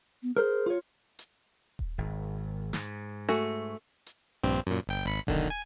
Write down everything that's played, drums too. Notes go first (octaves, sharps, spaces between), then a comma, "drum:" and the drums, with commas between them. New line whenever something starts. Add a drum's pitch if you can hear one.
B3
G#4 A#4 C5
F4 C#5
drum: hi-hat
drum: kick D#1
G#1
G#2, drum: snare
A3 F#4 G#5
drum: hi-hat
A#1 G2 C4
F#2 A#2
G1 G5
G#1 B5 C#7
B1 D3 D#3, drum: kick D#1
G#5